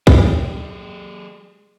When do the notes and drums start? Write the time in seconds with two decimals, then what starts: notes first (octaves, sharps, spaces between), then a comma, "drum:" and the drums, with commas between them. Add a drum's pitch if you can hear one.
0.07 G#3 G4, drum: kick